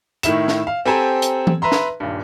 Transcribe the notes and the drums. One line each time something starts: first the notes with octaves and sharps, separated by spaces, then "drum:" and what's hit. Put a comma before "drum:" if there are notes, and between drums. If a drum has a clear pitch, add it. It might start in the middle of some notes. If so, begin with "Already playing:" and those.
A2 D#3 E4 E7, drum: hi-hat
drum: snare
F5
C4 G4 A4 C5 G#5 A#5
drum: hi-hat
drum: tom E3
B4 E5 A#5 C6
drum: snare
D#1 G2